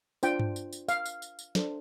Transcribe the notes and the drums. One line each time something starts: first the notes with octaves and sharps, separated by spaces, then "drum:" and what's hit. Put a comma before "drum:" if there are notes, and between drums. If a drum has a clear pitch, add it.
D4 F4 C5 G5, drum: tambourine
drum: tom G2
drum: tambourine
drum: tambourine
F5, drum: tambourine
drum: tambourine
drum: tambourine
drum: tambourine
D4 A4 C5, drum: snare